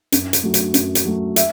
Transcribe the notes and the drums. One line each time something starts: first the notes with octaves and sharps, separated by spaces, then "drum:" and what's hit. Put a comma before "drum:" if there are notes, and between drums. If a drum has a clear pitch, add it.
F#2, drum: hi-hat
drum: hi-hat
F#3 A3
drum: hi-hat
F#2, drum: hi-hat
drum: hi-hat
F#3 A3
E5, drum: hi-hat